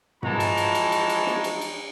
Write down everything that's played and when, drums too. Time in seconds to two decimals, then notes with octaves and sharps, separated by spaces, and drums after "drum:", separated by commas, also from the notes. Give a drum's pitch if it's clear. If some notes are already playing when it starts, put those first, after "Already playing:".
0.23 E3 F3 G#3 F#4 A5 A#5, drum: tom
0.40 drum: cymbal
0.57 drum: cymbal
0.75 drum: cymbal
0.92 drum: cymbal
1.09 drum: cymbal
1.27 drum: snare
1.44 drum: cymbal
1.61 drum: cymbal